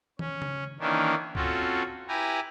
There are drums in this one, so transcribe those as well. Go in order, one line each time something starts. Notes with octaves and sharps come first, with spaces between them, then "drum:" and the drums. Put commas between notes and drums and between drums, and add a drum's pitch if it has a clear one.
C#4, drum: tom
drum: tom C#3
D#3 E3 A#3 C#4 D4
C4 C#4 F4 F#4 A4, drum: kick
E4 G4 B4 G#5 A#5